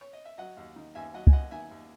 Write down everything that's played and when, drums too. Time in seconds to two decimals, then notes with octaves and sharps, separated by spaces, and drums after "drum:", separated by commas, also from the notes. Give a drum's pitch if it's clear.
0.01 C#5
0.13 D#5
0.25 E5
0.38 F#3 D#5 F#5
0.57 D#2
0.76 D#3
0.95 D#2 E5 G#5
1.14 F#3 D#5 F#5
1.27 G#5, drum: kick
1.33 D#2 D#5 F#5
1.51 D#3 E5 G#5
1.71 D#2